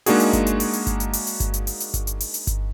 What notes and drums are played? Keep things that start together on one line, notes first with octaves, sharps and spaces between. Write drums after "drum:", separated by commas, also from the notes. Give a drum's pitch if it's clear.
G#3 A#3 D4 D#4 F#4 G#4, drum: open hi-hat
drum: hi-hat
drum: kick G1, hi-hat
drum: hi-hat
drum: open hi-hat
drum: hi-hat
drum: kick G1, hi-hat
drum: hi-hat
drum: open hi-hat
drum: hi-hat
drum: kick G1, hi-hat
drum: hi-hat
drum: open hi-hat
drum: hi-hat
drum: kick G1, hi-hat
drum: hi-hat
drum: open hi-hat
drum: hi-hat
drum: kick G1, hi-hat